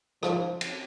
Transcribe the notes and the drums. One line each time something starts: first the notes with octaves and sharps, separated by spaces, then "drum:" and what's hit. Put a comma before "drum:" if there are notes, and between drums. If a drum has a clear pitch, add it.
F3, drum: rim click
drum: cymbal